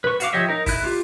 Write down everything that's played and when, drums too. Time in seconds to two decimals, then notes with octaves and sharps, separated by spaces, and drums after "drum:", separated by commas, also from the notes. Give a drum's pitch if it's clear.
0.04 B4 C#6
0.20 F#4 F5 D6, drum: hi-hat
0.33 F3 G4 C#5 D#5 E5
0.48 D#4 A#4
0.66 E4 F#6, drum: kick, open hi-hat
0.84 F4 G4